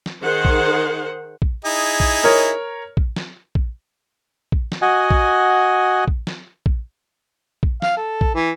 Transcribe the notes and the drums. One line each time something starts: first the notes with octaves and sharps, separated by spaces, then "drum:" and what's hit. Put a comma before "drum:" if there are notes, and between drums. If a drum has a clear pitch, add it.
drum: snare
D#3 G#4 C5 F#5
drum: kick A#1
drum: kick A#1
D#4 E4 G#4
drum: kick A#1
A#4 C#5
drum: kick A#1
drum: snare
drum: kick A#1
drum: kick A#1
drum: snare
F#4 D#5 F#5 G#5
drum: kick A#1
drum: kick A#1
drum: snare
drum: kick A#1
drum: kick A#1
F5, drum: snare
A4
drum: kick A#1
E3